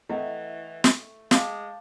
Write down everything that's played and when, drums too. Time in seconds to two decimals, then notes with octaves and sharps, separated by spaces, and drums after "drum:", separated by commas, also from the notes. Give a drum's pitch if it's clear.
0.10 E3 A3 E4 D#5 F#5 G5
0.84 drum: snare
1.31 G#3 F5 G5 A5 B5 D6, drum: snare